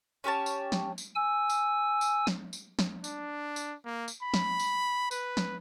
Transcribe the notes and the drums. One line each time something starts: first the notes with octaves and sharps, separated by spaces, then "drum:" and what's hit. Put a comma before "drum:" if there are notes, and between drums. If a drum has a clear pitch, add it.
C#4 G4 C#5 A5
drum: tambourine
drum: snare
drum: tambourine
G#5 E6
drum: tambourine
drum: tambourine
drum: snare
drum: tambourine
drum: snare
D4, drum: tambourine
drum: tambourine
A#3
drum: tambourine
B5
drum: snare
drum: tambourine
B4, drum: tambourine
drum: snare